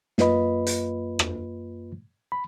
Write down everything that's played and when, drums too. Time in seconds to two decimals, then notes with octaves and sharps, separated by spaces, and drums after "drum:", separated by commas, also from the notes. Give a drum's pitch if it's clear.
0.18 F#2 A#3 F4 B4 D#5 B5, drum: snare
0.67 drum: hi-hat
1.19 drum: rim click
2.32 B5